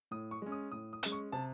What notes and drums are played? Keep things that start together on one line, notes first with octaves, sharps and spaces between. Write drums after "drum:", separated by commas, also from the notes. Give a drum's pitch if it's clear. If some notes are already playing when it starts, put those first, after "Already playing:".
A2 D#6
C#6
G#3 C#4
D#6
A2 D#6
D#6
G#3 C#4, drum: hi-hat
C#6
C3 A5